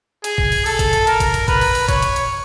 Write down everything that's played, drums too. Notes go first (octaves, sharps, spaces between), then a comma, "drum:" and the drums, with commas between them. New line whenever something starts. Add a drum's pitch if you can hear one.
G#4, drum: hi-hat
drum: kick G#1
drum: open hi-hat
A4, drum: open hi-hat
drum: kick G#1, hi-hat
drum: hi-hat
A#4, drum: hi-hat
drum: kick G#1, hi-hat
drum: hi-hat
B4, drum: kick G#1, hi-hat
drum: open hi-hat
drum: open hi-hat
C#5, drum: kick G#1, hi-hat
drum: hi-hat
drum: hi-hat